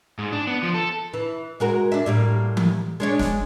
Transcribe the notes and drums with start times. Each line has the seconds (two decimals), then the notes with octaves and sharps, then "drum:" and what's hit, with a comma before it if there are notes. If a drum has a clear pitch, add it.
0.18 G#2
0.32 D4
0.47 B3
0.63 F3
0.74 A4
1.13 E3
1.60 G#3 F#4 A#4
1.92 D4 E5
2.06 A2 G3 A#3
2.57 drum: tom E3
3.00 G#3 D4 C#5
3.19 drum: snare